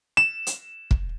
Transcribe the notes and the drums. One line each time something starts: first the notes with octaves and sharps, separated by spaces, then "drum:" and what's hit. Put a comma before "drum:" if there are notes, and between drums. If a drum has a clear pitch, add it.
E7
drum: hi-hat
drum: kick